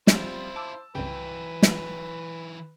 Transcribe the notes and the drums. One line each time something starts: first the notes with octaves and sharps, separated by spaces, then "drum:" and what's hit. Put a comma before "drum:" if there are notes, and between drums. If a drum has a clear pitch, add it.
F3 G3 C4 C#4 E4 F4 C5, drum: snare
A5 D6 E6
C2 G2 C#3 E3 F#3 B4 G5
drum: snare